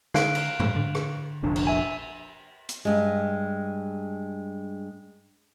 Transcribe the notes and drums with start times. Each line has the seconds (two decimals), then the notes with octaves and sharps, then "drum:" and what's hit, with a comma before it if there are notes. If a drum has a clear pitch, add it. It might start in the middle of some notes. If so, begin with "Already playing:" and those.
0.14 D3 F5 F#6 D7, drum: snare
0.35 drum: cymbal
0.60 G2, drum: tom G#2
0.76 D3
0.95 drum: rim click
1.43 F1 A#1 D4
1.56 drum: cymbal
1.67 E5 G#5
2.69 drum: hi-hat
2.85 G2 G#3